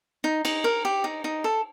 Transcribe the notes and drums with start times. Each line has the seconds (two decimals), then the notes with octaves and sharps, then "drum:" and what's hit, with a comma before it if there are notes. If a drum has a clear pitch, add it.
0.24 D#4
0.45 D#4, drum: cymbal
0.64 A#4
0.85 G4
1.04 D#4
1.24 D#4
1.44 A4